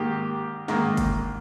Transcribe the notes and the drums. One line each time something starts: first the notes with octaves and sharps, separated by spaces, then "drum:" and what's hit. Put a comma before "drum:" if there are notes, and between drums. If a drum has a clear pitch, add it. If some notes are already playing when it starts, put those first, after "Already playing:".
Already playing: G#2 D#3 A#3 G4
G#2 D#3 A#3, drum: snare
drum: kick G1, hi-hat